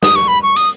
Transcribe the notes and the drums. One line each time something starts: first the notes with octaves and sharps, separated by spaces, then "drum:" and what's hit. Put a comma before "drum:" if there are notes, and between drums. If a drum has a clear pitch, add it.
D#6, drum: snare
C#6
B5
C#6
D#6, drum: hi-hat